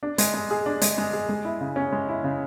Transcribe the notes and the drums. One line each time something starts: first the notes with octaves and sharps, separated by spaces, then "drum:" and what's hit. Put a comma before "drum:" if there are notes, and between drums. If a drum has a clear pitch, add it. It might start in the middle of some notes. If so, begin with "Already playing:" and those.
D4
G#3, drum: hi-hat
G#3
G#4
D4
G#3, drum: hi-hat
G#3
G#4
G#3
E4
C#3
C#4
G#3
E4
C#3